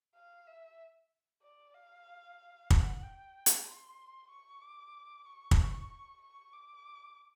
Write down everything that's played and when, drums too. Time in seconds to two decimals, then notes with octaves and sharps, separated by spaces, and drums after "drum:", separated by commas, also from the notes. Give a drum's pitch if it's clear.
0.15 F5
0.47 E5
1.43 D5
1.75 F5
2.70 F#5, drum: kick
3.03 G5
3.46 drum: hi-hat
3.66 C6
4.30 C#6
4.61 D6
5.25 C#6
5.51 drum: kick
6.21 C#6
6.53 D6